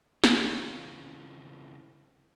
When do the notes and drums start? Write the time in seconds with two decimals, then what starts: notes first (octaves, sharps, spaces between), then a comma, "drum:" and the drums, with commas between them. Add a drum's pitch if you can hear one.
0.24 C#3 E3 C4 F4, drum: snare